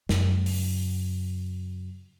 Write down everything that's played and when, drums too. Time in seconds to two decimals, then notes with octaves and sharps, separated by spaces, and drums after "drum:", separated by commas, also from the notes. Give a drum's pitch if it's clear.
0.09 F#2 C#3, drum: snare
0.46 drum: open hi-hat